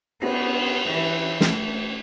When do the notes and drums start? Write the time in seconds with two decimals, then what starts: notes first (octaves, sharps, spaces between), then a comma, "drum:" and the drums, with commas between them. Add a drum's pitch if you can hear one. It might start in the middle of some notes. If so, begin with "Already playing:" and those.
0.22 B3, drum: cymbal
0.90 E3
1.41 A3, drum: snare